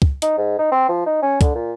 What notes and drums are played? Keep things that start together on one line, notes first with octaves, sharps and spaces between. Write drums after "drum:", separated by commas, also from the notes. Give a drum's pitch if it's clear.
drum: kick
D#4, drum: hi-hat
G#2
D#4
C4
F3
D#4
C#4
D3, drum: kick, hi-hat
A#2